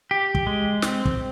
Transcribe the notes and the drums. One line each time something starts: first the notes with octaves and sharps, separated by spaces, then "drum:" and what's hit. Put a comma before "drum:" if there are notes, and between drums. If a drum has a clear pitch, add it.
G4
drum: kick
G#3
C4, drum: snare
drum: kick